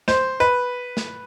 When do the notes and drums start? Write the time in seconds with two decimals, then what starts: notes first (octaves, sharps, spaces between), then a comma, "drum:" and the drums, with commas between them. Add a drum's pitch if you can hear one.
0.08 C5, drum: snare
0.40 B4
0.97 drum: snare